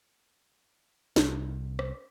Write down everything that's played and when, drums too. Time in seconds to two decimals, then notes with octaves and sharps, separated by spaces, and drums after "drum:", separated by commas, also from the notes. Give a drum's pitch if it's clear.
1.16 C2, drum: snare
1.79 drum: rim click